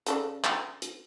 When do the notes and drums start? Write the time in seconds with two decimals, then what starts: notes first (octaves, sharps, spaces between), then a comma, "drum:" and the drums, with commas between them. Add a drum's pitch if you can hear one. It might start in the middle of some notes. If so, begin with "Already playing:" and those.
0.06 C#3 A4 D5, drum: hi-hat
0.44 drum: clap
0.82 drum: hi-hat